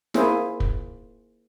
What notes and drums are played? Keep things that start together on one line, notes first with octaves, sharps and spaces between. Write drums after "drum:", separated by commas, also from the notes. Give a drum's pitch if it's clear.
A#3 E4 G#4 C5, drum: snare
drum: kick